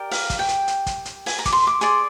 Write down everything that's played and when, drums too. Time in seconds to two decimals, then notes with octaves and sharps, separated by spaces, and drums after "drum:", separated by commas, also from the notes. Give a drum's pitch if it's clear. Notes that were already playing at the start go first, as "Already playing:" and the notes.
Already playing: G4 A#4 D5
0.11 F5, drum: open hi-hat
0.30 drum: kick, hi-hat
0.39 G5
0.49 drum: hi-hat
0.68 drum: hi-hat
0.86 drum: kick, hi-hat
1.05 drum: hi-hat
1.26 G#5, drum: open hi-hat
1.39 A#5
1.45 D6, drum: kick, hi-hat
1.52 C6
1.67 D6
1.81 G#4 D5 C6, drum: hi-hat